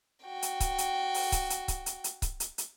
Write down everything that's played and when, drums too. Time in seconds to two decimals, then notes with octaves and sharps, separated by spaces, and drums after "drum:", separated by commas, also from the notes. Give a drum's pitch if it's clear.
0.24 F#4 G5
0.42 drum: hi-hat
0.60 drum: kick C#1, hi-hat
0.78 drum: hi-hat
1.14 drum: open hi-hat
1.32 drum: kick C#1, hi-hat
1.50 drum: hi-hat
1.68 drum: kick C#1, hi-hat
1.86 drum: hi-hat
2.04 drum: hi-hat
2.22 drum: kick C#1, hi-hat
2.40 drum: hi-hat
2.58 drum: hi-hat